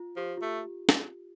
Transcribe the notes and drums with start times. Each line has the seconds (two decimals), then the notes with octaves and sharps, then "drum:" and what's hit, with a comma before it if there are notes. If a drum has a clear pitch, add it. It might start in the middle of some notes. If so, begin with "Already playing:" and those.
Already playing: F4
0.16 F3 G4
0.37 F4
0.42 A3 G4
0.89 drum: snare